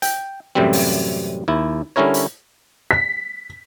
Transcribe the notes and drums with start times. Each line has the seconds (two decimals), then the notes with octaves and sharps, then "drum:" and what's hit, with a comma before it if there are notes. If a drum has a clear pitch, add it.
0.02 G5, drum: hi-hat
0.55 F#2 A2 C3 E3 G3 C4
0.73 drum: open hi-hat
1.48 D#2 E4
1.96 D3 G3 C#4 E4 A#4 C#5
2.14 drum: hi-hat
2.91 B6